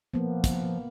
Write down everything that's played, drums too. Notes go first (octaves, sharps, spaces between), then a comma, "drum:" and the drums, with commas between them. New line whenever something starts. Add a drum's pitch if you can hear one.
F3 A#3 B3
drum: kick, hi-hat